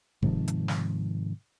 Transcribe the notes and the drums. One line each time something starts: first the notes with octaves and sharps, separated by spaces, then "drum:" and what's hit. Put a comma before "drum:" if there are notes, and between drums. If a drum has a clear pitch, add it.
G#2 C3 D#3 F3, drum: kick F1
drum: hi-hat
drum: snare